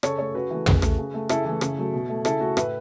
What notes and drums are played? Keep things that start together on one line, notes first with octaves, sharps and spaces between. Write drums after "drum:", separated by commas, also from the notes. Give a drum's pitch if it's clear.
C#3 A4 C#5, drum: rim click
A3 A4 C#5
C#3 F#4 B4
E3 A3
C#3, drum: tom
A3, drum: rim click
C#3
A3
C#3 E4 A4, drum: rim click
E3 A3
C#3, drum: rim click
F#3 A3
B2
A3
C#3 E4 A4, drum: rim click
A3 F#4
A2 B4 E5, drum: rim click